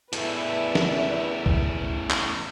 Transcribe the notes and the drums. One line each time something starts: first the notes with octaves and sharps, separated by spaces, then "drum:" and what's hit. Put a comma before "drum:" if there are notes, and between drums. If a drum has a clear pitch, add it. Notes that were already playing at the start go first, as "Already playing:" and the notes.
E2 A2 B4 D5 E5, drum: hi-hat
drum: snare
drum: kick C2
drum: clap